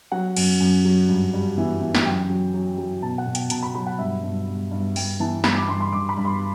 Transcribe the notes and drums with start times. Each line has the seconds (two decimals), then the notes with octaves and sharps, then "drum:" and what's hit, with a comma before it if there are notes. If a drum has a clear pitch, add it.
0.12 F#3 F#5
0.37 F#2, drum: cymbal
0.60 F#2
0.85 F#3
1.09 G2
1.33 G3
1.58 E3
1.81 E3
1.95 drum: snare
2.06 F#2 G5
2.30 F#3
2.54 F#3
2.78 F#3
3.02 B2 A5
3.18 F#5
3.26 B2
3.35 G5, drum: hi-hat
3.50 B2 A5, drum: hi-hat
3.63 B5
3.75 F#3 B5
3.86 F#5
3.99 G2 E5
4.23 G2
4.48 G2
4.71 G2
4.96 G2 G5, drum: open hi-hat
5.20 E3 A5
5.44 G2 B5, drum: snare
5.56 D6
5.68 G2 C6
5.81 C6
5.93 G2 D6
6.09 B5
6.17 G2
6.25 C6